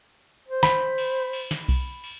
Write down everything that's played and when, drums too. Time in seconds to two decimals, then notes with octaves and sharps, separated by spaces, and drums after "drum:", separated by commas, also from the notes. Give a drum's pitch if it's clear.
0.48 C5
0.63 B5, drum: snare
0.98 drum: cymbal
1.33 drum: cymbal
1.51 drum: snare
1.69 drum: kick B1, cymbal
2.04 drum: cymbal